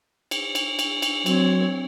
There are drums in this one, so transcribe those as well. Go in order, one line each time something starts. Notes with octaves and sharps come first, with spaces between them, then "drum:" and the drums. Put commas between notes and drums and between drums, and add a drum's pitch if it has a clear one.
drum: cymbal
drum: cymbal
drum: cymbal
drum: cymbal
F#3 C4 C#5, drum: cymbal